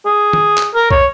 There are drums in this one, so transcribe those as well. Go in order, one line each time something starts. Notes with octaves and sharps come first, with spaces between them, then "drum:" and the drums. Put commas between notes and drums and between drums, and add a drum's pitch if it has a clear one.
G#4
drum: tom
drum: clap
A#4
C#5, drum: kick C2